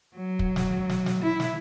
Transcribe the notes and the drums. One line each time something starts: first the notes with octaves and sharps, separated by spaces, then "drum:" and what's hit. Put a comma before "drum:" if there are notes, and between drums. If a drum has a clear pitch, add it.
F#3
drum: kick
drum: snare
drum: snare
drum: snare
E4
drum: snare